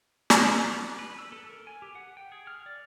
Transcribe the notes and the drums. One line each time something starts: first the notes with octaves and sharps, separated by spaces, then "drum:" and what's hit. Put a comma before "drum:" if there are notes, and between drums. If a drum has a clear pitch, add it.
drum: snare
D4
B4
E6
A4
A#4
G#5
G4
F#5
G5
G#4
F6
D5